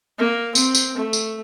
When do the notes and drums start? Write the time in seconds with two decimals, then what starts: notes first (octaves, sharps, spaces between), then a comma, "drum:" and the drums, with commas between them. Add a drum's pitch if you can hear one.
0.18 A#3
0.55 C4, drum: tambourine
0.75 drum: tambourine
0.97 A3
1.13 drum: tambourine